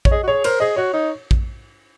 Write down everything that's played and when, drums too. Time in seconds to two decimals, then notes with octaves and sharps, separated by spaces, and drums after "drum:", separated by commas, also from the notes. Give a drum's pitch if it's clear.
0.05 C#5, drum: kick A#1
0.11 G#4 D#5
0.23 F#4
0.28 G#4 C#5
0.44 A#4 C5, drum: cymbal
0.60 G#4 D#5
0.76 F#4 C#5
0.93 D#4
1.31 drum: kick A#1